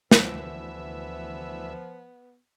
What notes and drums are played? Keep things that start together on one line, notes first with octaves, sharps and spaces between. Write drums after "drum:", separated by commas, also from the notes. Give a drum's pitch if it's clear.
D2 E3 F3 B3 E5, drum: snare